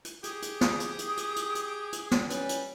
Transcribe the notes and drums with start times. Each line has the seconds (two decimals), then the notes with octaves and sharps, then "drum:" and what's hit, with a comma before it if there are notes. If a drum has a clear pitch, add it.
0.05 drum: hi-hat
0.24 G4 G#4 D#6, drum: hi-hat
0.42 drum: hi-hat
0.61 drum: snare
0.80 drum: hi-hat
0.99 drum: hi-hat
1.17 drum: hi-hat
1.36 drum: hi-hat
1.55 drum: hi-hat
1.93 drum: hi-hat
2.11 drum: snare
2.30 G3 C#4 B4, drum: hi-hat
2.49 drum: hi-hat